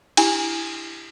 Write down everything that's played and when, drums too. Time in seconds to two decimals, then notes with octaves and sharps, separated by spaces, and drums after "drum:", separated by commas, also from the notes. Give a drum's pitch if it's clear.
0.17 D4 E4 G4 G#5, drum: cymbal